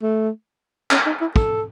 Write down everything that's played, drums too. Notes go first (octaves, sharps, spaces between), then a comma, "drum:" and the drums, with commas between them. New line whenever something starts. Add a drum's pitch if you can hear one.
A3
C#4, drum: clap
D#4
E4
A4, drum: kick